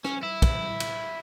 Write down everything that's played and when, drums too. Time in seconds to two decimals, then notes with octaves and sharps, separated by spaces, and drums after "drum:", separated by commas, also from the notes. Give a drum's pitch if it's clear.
0.04 C#4, drum: rim click
0.23 E4
0.42 drum: kick, cymbal
0.80 drum: cymbal